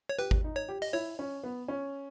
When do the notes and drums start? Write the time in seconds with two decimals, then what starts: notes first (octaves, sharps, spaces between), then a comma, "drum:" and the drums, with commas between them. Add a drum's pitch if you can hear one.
0.09 C#5
0.19 G4 B4, drum: tambourine
0.31 drum: kick G#1
0.44 D#4
0.56 C#5
0.69 G4
0.82 D#5, drum: open hi-hat
0.93 E4 C#5
1.19 C#4
1.43 B3
1.68 C#4